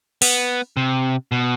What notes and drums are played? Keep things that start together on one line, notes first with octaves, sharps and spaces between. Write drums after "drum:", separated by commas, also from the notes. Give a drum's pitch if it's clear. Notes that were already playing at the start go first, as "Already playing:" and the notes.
B3, drum: open hi-hat
C3
B2